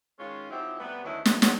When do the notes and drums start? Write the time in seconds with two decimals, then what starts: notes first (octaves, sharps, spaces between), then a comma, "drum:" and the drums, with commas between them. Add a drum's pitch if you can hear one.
0.19 D#3 G#3 C#4 F4
0.50 F3 F#3 C4 D#4 E4 G4
0.79 C3 G3 A3 B3
1.04 D2 D3 D#3 C#4 E4 B4
1.25 D2 A2 F#3 B4 E5, drum: snare
1.42 F2 A#2 C#3 F#3 B3, drum: snare